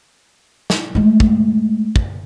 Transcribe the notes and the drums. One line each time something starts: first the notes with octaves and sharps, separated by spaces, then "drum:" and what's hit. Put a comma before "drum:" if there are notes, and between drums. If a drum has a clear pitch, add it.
drum: snare
G#3 A3
drum: kick
drum: kick